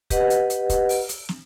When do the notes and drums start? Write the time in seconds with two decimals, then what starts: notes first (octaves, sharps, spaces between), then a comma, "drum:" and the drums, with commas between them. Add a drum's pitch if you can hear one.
0.10 G4 B4 D#5 F#5, drum: kick, hi-hat
0.30 drum: hi-hat
0.50 drum: hi-hat
0.69 drum: kick, hi-hat
0.89 drum: open hi-hat
1.09 drum: hi-hat
1.29 drum: snare